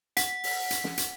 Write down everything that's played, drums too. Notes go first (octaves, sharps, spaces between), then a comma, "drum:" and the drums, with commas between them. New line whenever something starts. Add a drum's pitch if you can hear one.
F#5 B6, drum: hi-hat
drum: open hi-hat
drum: hi-hat
drum: snare
drum: hi-hat